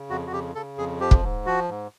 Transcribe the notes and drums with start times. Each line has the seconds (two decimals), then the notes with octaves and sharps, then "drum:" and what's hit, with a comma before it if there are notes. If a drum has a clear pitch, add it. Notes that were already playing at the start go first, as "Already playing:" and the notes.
Already playing: C#3
0.10 F2 F#4
0.27 F#4
0.33 C#3 G4
0.55 C#3 A4
0.78 F2 G#4
1.00 F3 G4
1.11 drum: kick
1.23 G#2
1.46 F3 F#4
1.69 G#2